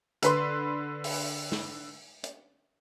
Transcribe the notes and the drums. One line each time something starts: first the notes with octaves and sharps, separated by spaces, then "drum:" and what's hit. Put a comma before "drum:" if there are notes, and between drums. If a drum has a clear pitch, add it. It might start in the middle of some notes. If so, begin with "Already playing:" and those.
D3 B4 C6, drum: hi-hat
drum: open hi-hat
drum: snare
drum: hi-hat